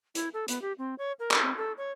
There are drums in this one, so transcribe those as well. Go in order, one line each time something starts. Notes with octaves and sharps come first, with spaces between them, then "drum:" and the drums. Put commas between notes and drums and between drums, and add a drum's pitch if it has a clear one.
E4, drum: hi-hat
A4
B3, drum: hi-hat
G4
C4
C#5
A#4
drum: clap
C4
A4
C#5